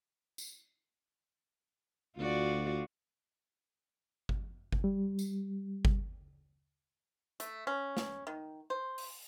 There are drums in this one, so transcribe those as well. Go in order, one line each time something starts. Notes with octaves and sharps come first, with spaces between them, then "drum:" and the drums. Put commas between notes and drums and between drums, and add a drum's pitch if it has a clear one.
drum: tambourine
D2 F4 F#4 D5
drum: kick G1
drum: kick G1
G3
drum: tambourine
drum: kick G1
A3, drum: hi-hat
C#4
drum: snare
D#3
C5
drum: open hi-hat